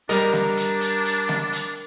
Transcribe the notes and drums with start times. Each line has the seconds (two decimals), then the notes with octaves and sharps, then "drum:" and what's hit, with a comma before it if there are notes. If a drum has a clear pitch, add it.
0.09 G3 D4 A#4 D#5, drum: hi-hat
0.33 drum: snare
0.57 drum: hi-hat
0.81 drum: hi-hat
1.05 drum: hi-hat
1.29 drum: snare
1.53 drum: hi-hat